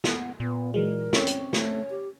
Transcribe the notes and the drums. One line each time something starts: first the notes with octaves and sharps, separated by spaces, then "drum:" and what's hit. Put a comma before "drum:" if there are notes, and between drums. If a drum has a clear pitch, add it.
B3, drum: snare
A#2 B3
E3 F#3 G#3 A#4
C4 C#4 C#5, drum: snare
drum: hi-hat
A3, drum: snare
G4